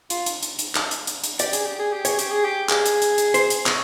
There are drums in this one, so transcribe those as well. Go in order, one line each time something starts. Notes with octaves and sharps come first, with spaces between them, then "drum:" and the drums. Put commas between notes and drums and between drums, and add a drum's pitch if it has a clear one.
F4, drum: hi-hat
drum: hi-hat
drum: hi-hat
drum: hi-hat
drum: clap
drum: hi-hat
drum: hi-hat
drum: hi-hat
G4 D5, drum: hi-hat
G#4, drum: hi-hat
G4
G#4
G4
G#4 C#5, drum: hi-hat
G4, drum: hi-hat
G#4
G4
G#4, drum: clap
drum: hi-hat
drum: hi-hat
drum: hi-hat
C5, drum: hi-hat
drum: hi-hat
C#5, drum: clap